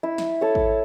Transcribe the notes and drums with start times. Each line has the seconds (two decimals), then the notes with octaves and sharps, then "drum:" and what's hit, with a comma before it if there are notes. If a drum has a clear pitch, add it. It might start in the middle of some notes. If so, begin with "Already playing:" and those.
0.03 E4
0.18 drum: snare
0.41 A4 C#5
0.55 drum: kick G#1